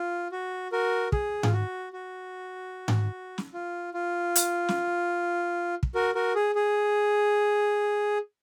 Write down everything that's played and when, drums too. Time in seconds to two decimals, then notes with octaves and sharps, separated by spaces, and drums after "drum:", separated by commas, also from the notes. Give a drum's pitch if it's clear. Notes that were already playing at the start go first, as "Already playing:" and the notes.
Already playing: F4
0.32 F#4
0.72 F#4 A#4
1.12 G#4, drum: kick
1.43 F4, drum: tom G#2
1.52 F#4
1.93 F#4
2.88 drum: tom G#2
3.38 drum: snare
3.54 F4
3.94 F4
4.36 drum: hi-hat
4.69 drum: snare
5.83 drum: kick
5.95 F#4 A#4
6.15 F#4 A#4
6.35 G#4
6.55 G#4